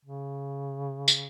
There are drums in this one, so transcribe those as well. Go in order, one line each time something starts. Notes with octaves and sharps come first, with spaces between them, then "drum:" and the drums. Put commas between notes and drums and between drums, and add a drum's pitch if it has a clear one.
C#3
drum: tambourine